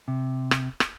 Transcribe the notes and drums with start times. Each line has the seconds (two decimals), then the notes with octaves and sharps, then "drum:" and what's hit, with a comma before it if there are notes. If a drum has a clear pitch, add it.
0.08 C3
0.51 drum: rim click
0.80 drum: rim click